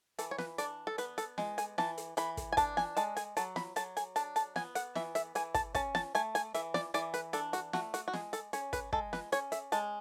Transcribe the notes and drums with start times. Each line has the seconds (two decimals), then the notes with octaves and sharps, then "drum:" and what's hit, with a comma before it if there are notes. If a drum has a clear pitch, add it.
0.19 E3 A4, drum: hi-hat
0.31 C#5
0.38 B4, drum: snare
0.58 D4 D5, drum: hi-hat
0.87 A4
0.98 B3 B4, drum: hi-hat
1.18 A4, drum: hi-hat
1.38 G#3, drum: snare
1.58 G#5, drum: hi-hat
1.78 E3 A5, drum: snare
1.98 drum: hi-hat
2.17 E3 B5, drum: hi-hat
2.37 drum: kick, hi-hat
2.52 G#5
2.57 D4 A5, drum: kick, hi-hat
2.77 G#5, drum: snare
2.97 G#3 A5, drum: hi-hat
3.17 G#5, drum: hi-hat
3.37 F#3 A5, drum: hi-hat
3.56 B5, drum: snare
3.76 F#3 A5, drum: hi-hat
3.97 G#5, drum: hi-hat
4.16 D4 A5, drum: hi-hat
4.36 A5, drum: hi-hat
4.56 B3 G#5, drum: snare
4.75 F#5, drum: hi-hat
4.95 E3 E5, drum: snare
5.15 E5, drum: hi-hat
5.35 E3 G#5, drum: hi-hat
5.54 A5, drum: kick, hi-hat
5.75 C#4 A5, drum: kick, hi-hat
5.95 A5, drum: snare
6.15 A3 G#5, drum: hi-hat
6.35 G#5, drum: hi-hat
6.54 E3 E5, drum: hi-hat
6.74 D5, drum: snare
6.94 E3 D5, drum: hi-hat
7.14 B4, drum: hi-hat
7.33 D4 A4, drum: hi-hat
7.53 F#4, drum: hi-hat
7.73 A3 F#4, drum: snare
7.94 F#4, drum: hi-hat
8.08 F#4
8.13 G#3 G#4, drum: snare
8.33 A4, drum: hi-hat
8.53 C#4 C#5, drum: hi-hat
8.73 B4, drum: kick, hi-hat
8.93 G#3 A4, drum: kick
9.13 B4, drum: snare
9.32 C#4 C#5, drum: hi-hat
9.52 E5, drum: hi-hat
9.72 G#3 A5, drum: hi-hat